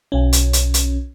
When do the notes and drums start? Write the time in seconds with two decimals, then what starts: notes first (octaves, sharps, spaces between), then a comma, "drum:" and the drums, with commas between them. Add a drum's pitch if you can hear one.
0.12 B1 C#4
0.33 drum: hi-hat
0.53 drum: hi-hat
0.74 drum: hi-hat